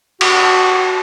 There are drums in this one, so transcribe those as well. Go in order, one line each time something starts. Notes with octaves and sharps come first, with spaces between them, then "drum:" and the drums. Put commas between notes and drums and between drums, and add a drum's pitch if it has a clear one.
F#4, drum: cymbal